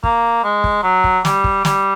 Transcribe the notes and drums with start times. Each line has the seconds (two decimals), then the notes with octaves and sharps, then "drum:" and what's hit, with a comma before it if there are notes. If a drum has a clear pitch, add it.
0.04 A#3, drum: kick
0.44 G#3
0.64 drum: kick
0.83 F#3
1.04 drum: kick
1.25 G3, drum: snare
1.44 drum: kick
1.65 G3, drum: snare